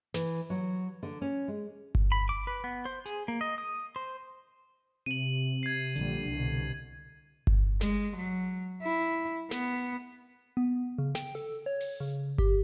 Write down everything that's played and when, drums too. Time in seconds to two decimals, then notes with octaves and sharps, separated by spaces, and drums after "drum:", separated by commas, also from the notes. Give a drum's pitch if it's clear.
0.14 E3, drum: snare
0.50 F#3
1.03 D3
1.22 C#4
1.48 G#3
1.95 drum: kick G1
2.12 B5
2.29 D6
2.47 B4
2.64 B3
2.85 C5
3.06 G#4, drum: hi-hat
3.28 A#3
3.41 D#5
3.58 D#6
3.96 C5
5.06 C3 D#7 F#7
5.63 G#6 C7
5.95 A#1 D3 G3, drum: hi-hat
6.28 C2 B2
7.47 drum: kick G1
7.81 G#3, drum: snare
8.17 F#3
8.83 E4
9.51 B3, drum: snare
10.57 B3
10.98 C#3
11.15 G5, drum: snare
11.35 A4
11.66 C#5
11.80 drum: open hi-hat
12.00 C#3
12.38 G4, drum: kick G1